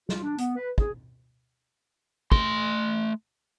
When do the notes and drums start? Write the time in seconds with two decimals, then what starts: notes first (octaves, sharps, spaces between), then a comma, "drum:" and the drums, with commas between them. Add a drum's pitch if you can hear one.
0.09 F4, drum: snare
0.22 D4
0.38 B3, drum: hi-hat
0.56 B4
0.78 G#4, drum: kick
2.32 A3 C6, drum: kick